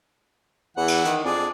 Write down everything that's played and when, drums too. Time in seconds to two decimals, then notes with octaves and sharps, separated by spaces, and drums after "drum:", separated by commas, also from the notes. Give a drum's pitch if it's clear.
0.77 E2 E3 F#5
0.88 drum: cymbal
1.05 D#3, drum: hi-hat
1.24 F2 D4 G#4 D5